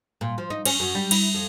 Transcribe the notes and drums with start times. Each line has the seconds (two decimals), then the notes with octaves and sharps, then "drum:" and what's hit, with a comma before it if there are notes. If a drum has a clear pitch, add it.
0.21 A#2
0.38 F3
0.50 D#4
0.65 C#4, drum: cymbal
0.80 F#2
0.95 G3
1.11 E4, drum: cymbal
1.34 F2